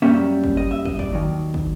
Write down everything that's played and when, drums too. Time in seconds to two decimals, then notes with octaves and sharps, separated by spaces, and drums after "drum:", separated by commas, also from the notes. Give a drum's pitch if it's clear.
0.02 F#2 D3 G3 A#3 C#4 E5
0.44 drum: kick
0.57 D#5
0.71 E5
0.85 D#5, drum: kick
0.99 D5, drum: kick
1.12 D#2 D#3 F#3
1.54 drum: kick